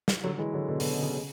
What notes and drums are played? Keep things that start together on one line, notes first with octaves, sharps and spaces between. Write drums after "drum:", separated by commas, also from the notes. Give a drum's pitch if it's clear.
drum: snare
D3 F#3
E3 G#3
D3 F#3
B2 D3
B2 D3, drum: open hi-hat
C#3
C#3
C#3